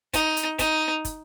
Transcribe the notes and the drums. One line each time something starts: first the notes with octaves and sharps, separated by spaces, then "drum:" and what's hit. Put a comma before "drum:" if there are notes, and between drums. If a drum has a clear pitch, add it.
D#4, drum: kick, hi-hat
drum: hi-hat
D#4, drum: kick, hi-hat
drum: kick, hi-hat